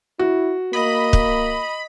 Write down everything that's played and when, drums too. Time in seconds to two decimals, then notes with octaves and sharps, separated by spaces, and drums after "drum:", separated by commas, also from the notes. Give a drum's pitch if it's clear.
0.19 E4 F#4
0.73 A#3 D#5 B5
1.13 drum: kick